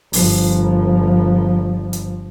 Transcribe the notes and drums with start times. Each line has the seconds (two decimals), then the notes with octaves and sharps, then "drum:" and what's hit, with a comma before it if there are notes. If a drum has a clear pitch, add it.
0.13 G1 F3, drum: open hi-hat
1.93 drum: hi-hat